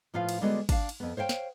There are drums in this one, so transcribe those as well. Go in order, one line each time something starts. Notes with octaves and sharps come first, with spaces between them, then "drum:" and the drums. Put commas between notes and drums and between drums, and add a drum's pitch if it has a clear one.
A2 F3 F4 B4 F5
drum: cymbal
D3 G3 G#3 B3 F#4
D4 F5, drum: kick, cymbal
drum: cymbal
F2 B3
C5 C#5 F5 G5
drum: snare